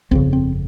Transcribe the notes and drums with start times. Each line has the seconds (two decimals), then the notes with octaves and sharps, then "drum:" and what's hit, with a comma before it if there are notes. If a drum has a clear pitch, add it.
0.11 G1 F2 C#3 C4, drum: kick
0.33 C4